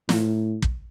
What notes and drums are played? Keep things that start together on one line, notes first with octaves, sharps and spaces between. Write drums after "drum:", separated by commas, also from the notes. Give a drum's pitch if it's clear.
A2, drum: snare
drum: kick